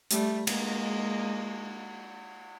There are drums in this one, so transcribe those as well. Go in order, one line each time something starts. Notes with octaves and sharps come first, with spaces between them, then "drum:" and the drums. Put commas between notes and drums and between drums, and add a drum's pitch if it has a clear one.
G3 A3, drum: hi-hat
G#3 A#3, drum: cymbal